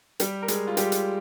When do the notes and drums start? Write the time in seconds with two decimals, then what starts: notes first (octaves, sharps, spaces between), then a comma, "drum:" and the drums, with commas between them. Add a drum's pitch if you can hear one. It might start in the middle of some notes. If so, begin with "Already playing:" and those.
0.20 G3 G4, drum: hi-hat
0.42 A#4
0.48 G#3 G#4, drum: hi-hat
0.67 F4
0.77 G3 G4, drum: hi-hat
0.92 drum: hi-hat